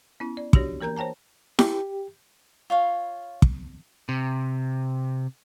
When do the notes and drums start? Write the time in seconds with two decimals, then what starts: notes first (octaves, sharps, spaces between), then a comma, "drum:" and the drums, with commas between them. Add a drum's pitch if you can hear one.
0.20 B3 C#4 E4
0.37 D5
0.53 D4 F#4 G4 C#5, drum: kick
0.81 E3 A#3 A#4 A#5 G6
0.96 C5 C#5 G5 A5 A#5
1.59 G4, drum: snare E4
2.70 F4 C#5 F5
3.42 drum: kick
4.09 C3